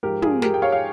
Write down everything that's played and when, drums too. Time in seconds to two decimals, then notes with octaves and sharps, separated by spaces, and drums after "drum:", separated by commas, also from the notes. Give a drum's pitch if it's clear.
0.03 G#2 F3 G4 A#4
0.22 F4 G#4, drum: tom
0.42 G4 A#4, drum: snare
0.54 G5
0.62 C#5 F5
0.72 F5